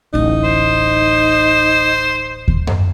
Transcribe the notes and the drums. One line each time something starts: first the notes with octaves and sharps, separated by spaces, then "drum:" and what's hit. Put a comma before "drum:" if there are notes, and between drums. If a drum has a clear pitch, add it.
D1 A1 D#4
C5
drum: kick D#2
drum: tom F#2